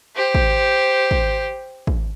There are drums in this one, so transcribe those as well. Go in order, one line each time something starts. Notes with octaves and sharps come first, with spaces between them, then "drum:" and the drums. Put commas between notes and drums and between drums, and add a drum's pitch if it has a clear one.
G4 C5
drum: kick
drum: kick
drum: kick